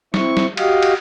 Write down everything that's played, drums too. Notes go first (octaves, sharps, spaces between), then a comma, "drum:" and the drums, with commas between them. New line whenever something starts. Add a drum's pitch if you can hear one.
C4 E4 C#6, drum: snare
drum: snare
F#4 G4 D#5 F5, drum: cymbal
drum: cymbal